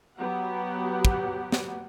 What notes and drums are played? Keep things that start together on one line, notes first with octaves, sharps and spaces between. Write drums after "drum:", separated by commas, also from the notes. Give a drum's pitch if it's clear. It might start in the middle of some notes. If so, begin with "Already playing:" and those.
F#3 B3 G4 F#5
drum: kick
drum: snare